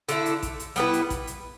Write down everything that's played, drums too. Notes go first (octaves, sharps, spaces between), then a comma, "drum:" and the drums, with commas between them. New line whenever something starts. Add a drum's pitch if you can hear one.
D3 A3 E4, drum: hi-hat
drum: hi-hat
drum: kick, hi-hat
drum: hi-hat
G3 B3 E4 B4, drum: hi-hat
drum: hi-hat
drum: kick, hi-hat
drum: hi-hat